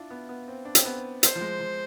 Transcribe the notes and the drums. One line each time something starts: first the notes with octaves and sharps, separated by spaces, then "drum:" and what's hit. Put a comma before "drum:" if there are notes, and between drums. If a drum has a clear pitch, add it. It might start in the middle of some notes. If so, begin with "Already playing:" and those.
Already playing: D4 E4 F4
B3
B3
C4
D4
C4, drum: hi-hat
B3
C5, drum: hi-hat
F3
G#3
F3